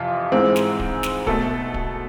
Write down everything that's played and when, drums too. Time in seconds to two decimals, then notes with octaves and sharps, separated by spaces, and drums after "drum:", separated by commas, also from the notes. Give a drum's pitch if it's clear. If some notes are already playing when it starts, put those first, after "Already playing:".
Already playing: F2 C3 E3 F4
0.32 G#2 E3 G#3 C4
0.56 drum: snare
0.80 drum: kick D1
1.03 drum: snare
1.27 B2 A3 A4, drum: kick D1
1.74 drum: kick D1